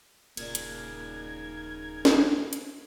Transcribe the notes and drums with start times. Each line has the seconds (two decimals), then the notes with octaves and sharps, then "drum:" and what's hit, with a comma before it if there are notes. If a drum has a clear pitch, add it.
0.37 D#1 A#2 C#3 D#4 A#4 D5 G#6, drum: cymbal
0.55 drum: hi-hat
2.05 drum: snare
2.53 drum: hi-hat